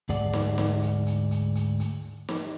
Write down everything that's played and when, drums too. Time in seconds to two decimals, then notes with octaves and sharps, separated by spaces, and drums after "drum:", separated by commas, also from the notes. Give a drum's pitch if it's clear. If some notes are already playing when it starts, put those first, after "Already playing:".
0.09 D2 G#2 G#4 D5 F#5, drum: kick, hi-hat
0.33 drum: snare
0.58 drum: snare
0.82 drum: hi-hat
1.07 drum: hi-hat
1.31 drum: hi-hat
1.55 drum: hi-hat
1.80 drum: hi-hat
2.29 drum: snare